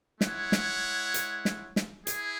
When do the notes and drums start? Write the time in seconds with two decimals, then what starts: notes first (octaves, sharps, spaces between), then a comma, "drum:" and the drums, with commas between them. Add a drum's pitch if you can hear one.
0.21 G#3 E4 C#5 F#5, drum: snare
0.52 drum: snare
1.14 drum: hi-hat
1.45 drum: snare
1.76 drum: snare
2.07 E4 G#4, drum: hi-hat